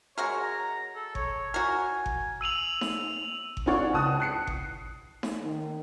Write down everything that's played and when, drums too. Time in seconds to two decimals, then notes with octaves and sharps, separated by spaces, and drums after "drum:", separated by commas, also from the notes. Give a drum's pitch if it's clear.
0.18 G#3 F#4 A#4 C#5
0.43 A#5
0.96 A4
1.15 C#5, drum: kick G1
1.54 F#4 A#4 G#5
2.06 drum: kick G1
2.41 E6 D#7 F7 F#7
2.81 drum: snare D#4
3.57 drum: kick G1
3.66 C4 D4 F4 C#5 D5 F#5
3.93 C#2 A5 D#6 F#6
4.20 F#6 C7 C#7
4.47 drum: kick G1
5.23 drum: snare D#4
5.43 D#3